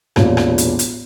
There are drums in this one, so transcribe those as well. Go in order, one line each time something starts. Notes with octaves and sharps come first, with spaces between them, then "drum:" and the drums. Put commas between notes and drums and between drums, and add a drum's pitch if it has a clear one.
E1 A1 A#2, drum: rim click
drum: rim click
drum: hi-hat
drum: hi-hat